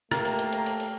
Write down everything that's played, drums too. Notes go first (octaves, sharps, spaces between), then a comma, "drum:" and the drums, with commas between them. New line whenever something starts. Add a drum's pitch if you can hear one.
A3 A#3 G4 A#4, drum: rim click
drum: hi-hat
drum: hi-hat
drum: hi-hat
drum: open hi-hat
drum: open hi-hat